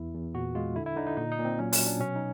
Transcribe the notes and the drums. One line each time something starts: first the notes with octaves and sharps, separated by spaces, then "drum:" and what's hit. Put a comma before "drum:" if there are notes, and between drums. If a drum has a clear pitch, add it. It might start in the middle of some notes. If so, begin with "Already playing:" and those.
Already playing: E2 E4
E2
A#2 F#4
G#3 F4
D3 E4
E4
D3 D#4
D#4
A#2 D#4
D#4
A#2
C4
F#3 C#4
C#4, drum: open hi-hat
F#3
D4
B2 C#4
D#4